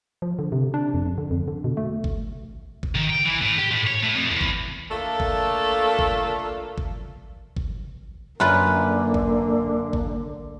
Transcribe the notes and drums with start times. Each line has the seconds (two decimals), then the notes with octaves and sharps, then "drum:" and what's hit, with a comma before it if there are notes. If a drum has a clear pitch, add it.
0.22 F3
0.39 D3
0.52 C3
0.74 D4
0.94 F2
1.06 F2
1.18 D3
1.31 F2
1.48 D3
1.64 B2
1.77 A3
2.04 drum: kick G#1
2.83 drum: kick G#1
2.96 D#3
3.10 G5
3.25 E3
3.42 A2
3.58 G4
3.71 A2
3.87 C#5
4.03 A2
4.16 F2
4.30 E2
4.41 drum: kick G#1
4.91 A3 A#3 D4 F4 A4
5.20 drum: kick G#1
5.99 drum: kick G#1
6.78 drum: kick G#1
7.57 drum: kick G#1
8.40 F#2 D3 A#3 F4 B4
9.14 drum: kick G#1
9.93 drum: kick G#1